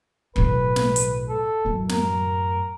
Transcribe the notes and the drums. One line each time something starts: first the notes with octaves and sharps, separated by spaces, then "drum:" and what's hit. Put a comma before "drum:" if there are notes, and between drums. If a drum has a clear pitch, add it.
B1 A2 B4, drum: kick
drum: snare
drum: hi-hat
A4
F#2 A2
A#4, drum: snare